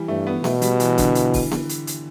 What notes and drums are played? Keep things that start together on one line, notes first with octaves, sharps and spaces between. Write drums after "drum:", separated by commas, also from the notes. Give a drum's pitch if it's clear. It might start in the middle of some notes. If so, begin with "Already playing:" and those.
Already playing: E3 G3
G2 A3
B3
B2 A3, drum: snare B3
G3, drum: hi-hat
E3, drum: hi-hat
D3, drum: kick C#1, hi-hat
E3, drum: hi-hat
drum: kick C#1, open hi-hat
drum: snare B3
drum: hi-hat
drum: hi-hat